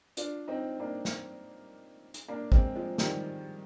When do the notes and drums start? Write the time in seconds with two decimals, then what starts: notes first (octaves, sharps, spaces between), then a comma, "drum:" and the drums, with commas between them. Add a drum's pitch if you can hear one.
0.17 D4 F4, drum: hi-hat
0.48 C4 D#4
0.80 A#3 D4
1.05 drum: snare
2.14 drum: hi-hat
2.28 A#3 D4
2.52 G#3 C4, drum: kick
2.76 F3 G#3
2.98 D#3 G3, drum: snare